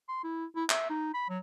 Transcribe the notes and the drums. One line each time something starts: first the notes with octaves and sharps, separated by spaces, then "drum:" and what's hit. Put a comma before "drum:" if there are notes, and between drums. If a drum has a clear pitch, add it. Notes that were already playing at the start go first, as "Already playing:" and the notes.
C6
E4
E4
E5, drum: clap
D#4
B5
F#3